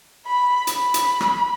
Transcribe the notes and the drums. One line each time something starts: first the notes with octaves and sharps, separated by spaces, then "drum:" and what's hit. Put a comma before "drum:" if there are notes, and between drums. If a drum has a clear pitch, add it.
B5
B5, drum: hi-hat
drum: hi-hat
drum: rim click